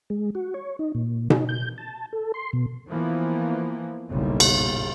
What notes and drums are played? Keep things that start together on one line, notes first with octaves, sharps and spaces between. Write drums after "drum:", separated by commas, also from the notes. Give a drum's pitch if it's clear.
G#3
F#4
C#5
D#4
A#2
D#4, drum: tom B2
G6
A5
A4
C6
B2
E3 F3 A#3 B3
F#1 B1 A#2 G3
drum: cymbal